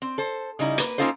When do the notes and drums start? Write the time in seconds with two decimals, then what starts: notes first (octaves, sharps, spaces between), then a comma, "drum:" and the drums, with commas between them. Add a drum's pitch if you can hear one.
0.02 C4
0.18 A4 C5
0.59 C#3 G3 D#4 E4
0.78 A#3 B4, drum: hi-hat
0.98 A#3 C#4 D#4 F4 A4 C5